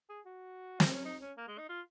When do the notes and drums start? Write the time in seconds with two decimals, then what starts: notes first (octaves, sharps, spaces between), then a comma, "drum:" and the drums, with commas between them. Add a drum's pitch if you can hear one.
0.09 G#4
0.25 F#4
0.80 C4, drum: snare
0.92 C#4
1.05 D#4
1.21 C#4
1.37 A#3
1.48 G#3
1.58 D#4
1.69 F4